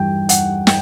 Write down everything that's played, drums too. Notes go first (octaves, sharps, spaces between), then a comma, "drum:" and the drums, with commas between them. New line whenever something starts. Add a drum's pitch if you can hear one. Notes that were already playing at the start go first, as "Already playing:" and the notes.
Already playing: G2 E3 G3 G5
F#5, drum: hi-hat
G5, drum: snare